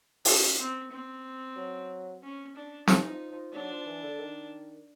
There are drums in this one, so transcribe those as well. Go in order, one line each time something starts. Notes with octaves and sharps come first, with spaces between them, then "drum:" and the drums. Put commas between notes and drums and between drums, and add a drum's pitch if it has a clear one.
C#4, drum: open hi-hat
C4
C4
F#3
C#4
D4
E3 D#4, drum: snare
F3
F3
F#3 D4
F3
E3
D3
D#3